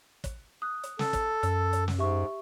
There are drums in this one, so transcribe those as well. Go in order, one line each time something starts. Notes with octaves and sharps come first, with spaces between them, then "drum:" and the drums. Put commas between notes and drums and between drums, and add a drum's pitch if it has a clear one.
drum: kick, hi-hat
D#6 F#6
drum: hi-hat
A4, drum: snare
drum: kick, hi-hat
F#2 E6, drum: hi-hat
drum: hi-hat
drum: snare
G#2 G4 E5 C#6